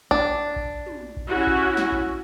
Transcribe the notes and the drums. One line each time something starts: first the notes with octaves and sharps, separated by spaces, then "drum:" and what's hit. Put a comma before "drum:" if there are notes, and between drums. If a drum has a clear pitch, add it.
D4, drum: kick A#1
drum: kick A#1
drum: tom
drum: kick A#1
C#4 E4 F#4
drum: kick A#1
drum: snare
drum: kick A#1